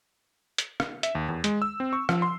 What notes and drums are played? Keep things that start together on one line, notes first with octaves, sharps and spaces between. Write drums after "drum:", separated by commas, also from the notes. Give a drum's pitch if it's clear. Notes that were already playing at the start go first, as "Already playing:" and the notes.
drum: hi-hat
drum: rim click
E5, drum: hi-hat
D#2
E2
G#3, drum: hi-hat
E6
C4
C#6
F3, drum: rim click
C6